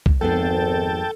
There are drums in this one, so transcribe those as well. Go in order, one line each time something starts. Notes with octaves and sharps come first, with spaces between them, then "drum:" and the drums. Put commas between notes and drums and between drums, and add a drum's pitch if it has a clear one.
drum: kick C2
G#1 F2 B3 G#4 A4 G5 A5